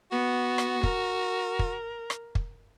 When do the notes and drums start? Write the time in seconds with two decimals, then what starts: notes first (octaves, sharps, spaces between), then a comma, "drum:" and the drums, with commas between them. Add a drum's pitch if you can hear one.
0.12 B3 F#4
0.58 drum: rim click
0.83 A#4, drum: kick
1.59 drum: kick
2.10 drum: rim click
2.35 drum: kick